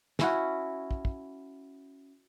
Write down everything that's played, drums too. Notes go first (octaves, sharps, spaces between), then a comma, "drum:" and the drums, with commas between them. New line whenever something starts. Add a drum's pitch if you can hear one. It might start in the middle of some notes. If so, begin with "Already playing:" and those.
C#4 E4 F#4, drum: snare
drum: kick
drum: kick